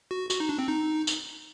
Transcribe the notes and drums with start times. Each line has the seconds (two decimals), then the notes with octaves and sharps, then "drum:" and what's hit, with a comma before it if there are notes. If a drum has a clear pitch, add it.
0.11 F#4
0.30 F#4, drum: tambourine
0.40 D#4
0.49 D4
0.59 C4
0.68 D#4
1.07 drum: tambourine